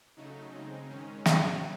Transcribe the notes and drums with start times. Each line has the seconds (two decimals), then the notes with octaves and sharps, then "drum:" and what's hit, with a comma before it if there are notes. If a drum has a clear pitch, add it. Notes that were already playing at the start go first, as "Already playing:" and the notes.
0.17 C#3 F#3 A3 D#4
0.54 C#3 G#3 C4
0.89 G#2 D#3 G#3 C#4
1.26 C3 F#3 C#4, drum: snare